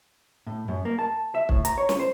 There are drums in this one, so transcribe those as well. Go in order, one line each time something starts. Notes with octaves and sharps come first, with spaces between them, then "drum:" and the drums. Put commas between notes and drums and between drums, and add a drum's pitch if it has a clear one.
A2
F#2
A#3
A5
E5
A2, drum: kick
A#5, drum: hi-hat
C#5
drum: snare
C5